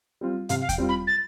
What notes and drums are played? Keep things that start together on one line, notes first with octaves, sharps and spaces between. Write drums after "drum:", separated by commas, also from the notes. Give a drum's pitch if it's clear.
G3 C4 F4
C3 F5, drum: hi-hat
F5
G5, drum: kick D#2, hi-hat
G3 C4 F4
B5
A6